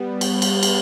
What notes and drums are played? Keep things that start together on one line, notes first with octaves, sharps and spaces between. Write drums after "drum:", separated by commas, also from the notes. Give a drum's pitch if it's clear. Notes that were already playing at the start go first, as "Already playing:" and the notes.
Already playing: G3 B3
drum: cymbal
drum: cymbal
drum: cymbal